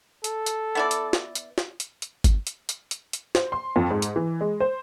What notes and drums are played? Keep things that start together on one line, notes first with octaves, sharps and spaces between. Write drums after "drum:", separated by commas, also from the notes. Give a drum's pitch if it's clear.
A4, drum: hi-hat
drum: hi-hat
B3 E4 D5
drum: hi-hat
drum: snare
drum: hi-hat
drum: snare
drum: hi-hat
drum: hi-hat
drum: kick G1, hi-hat
drum: hi-hat
drum: hi-hat
drum: hi-hat
drum: hi-hat
C5, drum: snare
C6
F2
G#2
drum: hi-hat
E3
G#3
C5